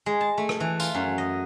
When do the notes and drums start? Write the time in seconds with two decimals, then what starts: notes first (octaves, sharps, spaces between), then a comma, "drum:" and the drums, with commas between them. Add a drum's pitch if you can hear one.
0.06 G#3
0.21 A5
0.38 A3
0.49 drum: rim click
0.60 E3
0.80 F4, drum: tambourine
0.94 F#2
1.18 D#5